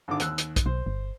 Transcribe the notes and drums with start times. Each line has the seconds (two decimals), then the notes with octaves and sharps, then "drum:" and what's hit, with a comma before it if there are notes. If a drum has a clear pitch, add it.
0.08 G#1 D3 D6
0.20 D#2 E6 F#6, drum: hi-hat
0.38 drum: hi-hat
0.56 drum: kick, hi-hat
0.66 B1 C5
0.86 G1